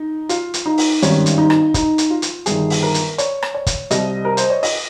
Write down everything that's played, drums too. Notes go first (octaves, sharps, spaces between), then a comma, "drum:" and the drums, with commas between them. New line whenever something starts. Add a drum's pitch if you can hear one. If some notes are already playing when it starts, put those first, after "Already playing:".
Already playing: D#4
F4, drum: hi-hat
drum: hi-hat
D#4
drum: open hi-hat
G#1 G2 D#3 G3 C#4, drum: hi-hat
drum: hi-hat
D#4
drum: rim click
D#4, drum: kick, hi-hat
drum: hi-hat
F4
drum: hi-hat
G1 G2 D#3 G#4, drum: hi-hat
drum: open hi-hat
A#4
drum: hi-hat
C#5, drum: hi-hat
drum: rim click
C#5
drum: kick, hi-hat
C2 C3 G3 D#5, drum: hi-hat
A#4
C5, drum: hi-hat
C#5
D#5, drum: open hi-hat